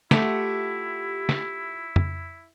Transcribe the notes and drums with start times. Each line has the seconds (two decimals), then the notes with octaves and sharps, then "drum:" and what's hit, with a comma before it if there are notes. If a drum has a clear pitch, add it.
0.11 A3 E4 F4 G4 F#5, drum: snare
1.29 drum: snare
1.96 drum: tom F2